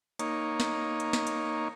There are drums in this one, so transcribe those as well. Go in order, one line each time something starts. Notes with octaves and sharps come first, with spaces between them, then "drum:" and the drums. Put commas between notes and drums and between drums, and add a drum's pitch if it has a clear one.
A#3 D#4 C#5, drum: hi-hat
drum: snare
drum: hi-hat
drum: snare
drum: hi-hat